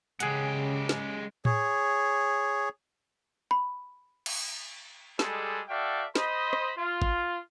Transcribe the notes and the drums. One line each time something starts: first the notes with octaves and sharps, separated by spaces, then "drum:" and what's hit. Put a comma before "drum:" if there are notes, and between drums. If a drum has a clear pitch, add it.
C#3 G#3 G4 G#4 F#5, drum: hi-hat
drum: snare
G#4 C#5, drum: tom A2
B5
drum: cymbal
G3 G#3 A4, drum: snare
F#4 A4 D5 E5 F5 G5
C5 D#5 B5, drum: snare
drum: rim click
F4
drum: kick